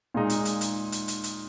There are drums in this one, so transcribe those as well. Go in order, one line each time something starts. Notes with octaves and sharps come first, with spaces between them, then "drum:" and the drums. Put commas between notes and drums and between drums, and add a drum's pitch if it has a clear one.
A#2 G#3 D#4
drum: hi-hat
drum: hi-hat
drum: hi-hat
drum: hi-hat
drum: hi-hat
drum: hi-hat